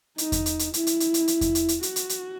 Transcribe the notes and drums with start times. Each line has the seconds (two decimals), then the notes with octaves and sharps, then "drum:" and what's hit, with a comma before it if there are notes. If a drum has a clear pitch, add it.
0.18 D#4, drum: hi-hat
0.32 drum: kick E2, hi-hat
0.46 drum: hi-hat
0.59 drum: hi-hat
0.74 E4, drum: hi-hat
0.87 drum: hi-hat
1.00 drum: hi-hat
1.14 drum: hi-hat
1.28 drum: hi-hat
1.41 drum: kick E2, hi-hat
1.55 drum: hi-hat
1.68 drum: hi-hat
1.83 F#4, drum: hi-hat
1.96 drum: hi-hat
2.09 drum: hi-hat